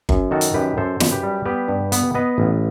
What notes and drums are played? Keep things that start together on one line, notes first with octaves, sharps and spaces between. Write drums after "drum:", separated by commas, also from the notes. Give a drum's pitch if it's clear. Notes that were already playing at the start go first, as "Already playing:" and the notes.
F#2, drum: kick G1
D#3 F#4 A4
drum: hi-hat
F#2 G4 B4
F#2 A4 C5
F#2, drum: snare
G4 B4
G3
B3 G4 B4
G2
B3, drum: hi-hat
B3 B4 D#5
A1